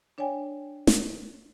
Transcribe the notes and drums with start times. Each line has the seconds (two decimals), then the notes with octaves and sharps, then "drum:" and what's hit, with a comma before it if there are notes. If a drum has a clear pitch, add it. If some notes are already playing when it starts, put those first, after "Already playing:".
0.18 D4 C#5 D5 G5 G#5
0.87 drum: snare